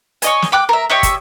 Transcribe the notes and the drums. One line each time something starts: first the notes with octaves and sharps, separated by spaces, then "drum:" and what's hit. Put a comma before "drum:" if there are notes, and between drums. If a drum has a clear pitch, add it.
C#5 D#5 G#5, drum: hi-hat
drum: snare
G5 D6 F#6
A#4 E5
G4 C#5 D#5 E5
drum: kick, hi-hat